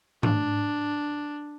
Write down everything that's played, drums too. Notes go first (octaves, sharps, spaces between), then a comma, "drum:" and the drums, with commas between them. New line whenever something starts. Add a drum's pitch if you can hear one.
D4, drum: tom G#2